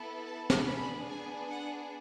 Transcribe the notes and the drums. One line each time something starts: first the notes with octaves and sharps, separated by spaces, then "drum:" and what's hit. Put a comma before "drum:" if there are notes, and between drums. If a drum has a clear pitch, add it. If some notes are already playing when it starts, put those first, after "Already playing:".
Already playing: B3 E4 A4
A5
drum: snare
B3 D4 G#4 B5
G#5
F#5